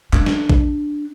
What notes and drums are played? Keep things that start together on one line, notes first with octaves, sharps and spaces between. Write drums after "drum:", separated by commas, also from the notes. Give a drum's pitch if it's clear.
D4, drum: clap
drum: snare
drum: kick A#1